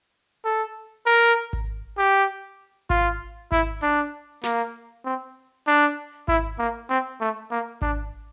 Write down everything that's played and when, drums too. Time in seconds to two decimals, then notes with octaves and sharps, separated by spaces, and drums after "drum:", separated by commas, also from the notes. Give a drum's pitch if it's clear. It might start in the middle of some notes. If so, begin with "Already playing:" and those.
0.45 A4
1.06 A#4
1.53 drum: kick G#1
1.98 G4
2.90 F4, drum: kick G#1
3.52 E4, drum: kick G#1
3.82 D4
4.43 A#3, drum: snare
5.05 C4
5.67 D4
6.28 E4, drum: kick G#1
6.59 A#3
6.89 C4
7.20 A3
7.51 A#3
7.82 D4, drum: kick G#1